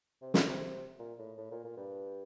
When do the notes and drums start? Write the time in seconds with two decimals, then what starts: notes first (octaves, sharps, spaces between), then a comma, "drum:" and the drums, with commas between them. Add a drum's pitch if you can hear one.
0.22 C3
0.34 D3, drum: snare
0.48 C3
0.99 A#2
1.19 A2
1.38 A2
1.51 A#2
1.64 A#2
1.77 G2